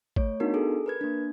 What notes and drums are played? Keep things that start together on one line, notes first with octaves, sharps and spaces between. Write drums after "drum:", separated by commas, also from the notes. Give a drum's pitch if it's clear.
A3 C#5, drum: kick G#1
B3 D4 D#4 F#4 A#4
G#4 A4
A#4 B4 G#6
A#3 D4